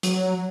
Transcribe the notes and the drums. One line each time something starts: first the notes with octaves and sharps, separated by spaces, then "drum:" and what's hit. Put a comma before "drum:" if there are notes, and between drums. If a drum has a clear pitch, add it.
F#3, drum: hi-hat